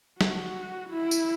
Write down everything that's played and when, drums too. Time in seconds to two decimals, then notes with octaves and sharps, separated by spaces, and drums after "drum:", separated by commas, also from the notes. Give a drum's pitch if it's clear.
0.21 F#4, drum: snare
0.89 E4
1.11 drum: tambourine